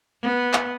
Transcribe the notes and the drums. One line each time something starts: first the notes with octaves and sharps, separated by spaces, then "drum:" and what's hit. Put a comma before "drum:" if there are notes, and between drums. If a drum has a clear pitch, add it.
B3
drum: clap